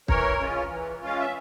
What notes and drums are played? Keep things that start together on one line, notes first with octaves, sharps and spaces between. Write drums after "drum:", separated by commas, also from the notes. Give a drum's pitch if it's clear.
E3 A#4 C#5, drum: kick
G#3 C#4 F4
E3
G#3 C#4 F4 F5
E5